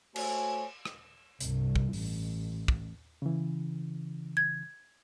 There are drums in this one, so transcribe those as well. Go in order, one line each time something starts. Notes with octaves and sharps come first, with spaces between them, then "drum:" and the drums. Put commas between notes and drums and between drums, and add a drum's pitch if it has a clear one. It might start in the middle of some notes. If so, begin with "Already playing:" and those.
A3 F#4 C5 C#5 G#5, drum: cymbal
drum: rim click
C2 G2, drum: hi-hat
drum: kick
A1, drum: open hi-hat
drum: kick
C#3 E3
G#6